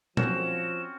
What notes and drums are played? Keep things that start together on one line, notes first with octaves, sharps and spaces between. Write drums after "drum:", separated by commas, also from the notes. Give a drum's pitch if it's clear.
F3 C4 C#4 F#4 E7, drum: tom